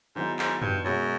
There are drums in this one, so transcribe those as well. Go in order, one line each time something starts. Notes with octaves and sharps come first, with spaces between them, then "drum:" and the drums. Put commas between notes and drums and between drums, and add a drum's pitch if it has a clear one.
G#2 D#3 F#3 B3 E4
G#2, drum: clap
G2, drum: tom F#2
F#2 B2 G#3 C#4